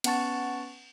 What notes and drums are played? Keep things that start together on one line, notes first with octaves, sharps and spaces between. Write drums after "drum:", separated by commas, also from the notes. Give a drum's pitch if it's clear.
B3 C#4 F#5 A5 C#6 A6, drum: cymbal